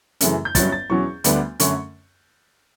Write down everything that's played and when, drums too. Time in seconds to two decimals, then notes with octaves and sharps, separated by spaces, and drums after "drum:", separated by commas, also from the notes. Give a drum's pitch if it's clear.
0.21 F#2 C#3 E3 A3 C#4, drum: hi-hat
0.45 G6
0.55 G1 G2 F#3 C#4 A6, drum: kick, hi-hat
0.72 A6
0.90 E2 B2 F#3 C#4 C#6
1.24 D2 D3 G3 B3 D4, drum: hi-hat
1.60 F#2 D3 A3 C#4 C#6, drum: hi-hat